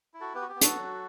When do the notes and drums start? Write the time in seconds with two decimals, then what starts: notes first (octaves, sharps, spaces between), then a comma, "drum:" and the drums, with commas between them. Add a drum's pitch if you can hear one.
0.14 E4
0.21 F#4 A4
0.35 B3 G4 B4
0.42 F#4
0.49 G4
0.56 B3
0.61 F#4 A4, drum: hi-hat
0.76 F#3